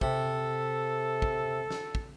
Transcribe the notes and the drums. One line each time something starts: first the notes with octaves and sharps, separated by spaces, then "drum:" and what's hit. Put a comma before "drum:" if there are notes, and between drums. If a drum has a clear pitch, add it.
C3 A4, drum: kick
drum: kick
drum: snare
drum: kick